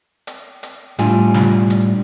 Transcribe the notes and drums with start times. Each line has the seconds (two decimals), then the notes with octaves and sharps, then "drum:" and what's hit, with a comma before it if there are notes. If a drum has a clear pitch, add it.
0.27 drum: hi-hat
0.63 drum: hi-hat
0.99 A2 G3 D4 F4 G#5, drum: hi-hat
1.34 drum: snare
1.70 drum: hi-hat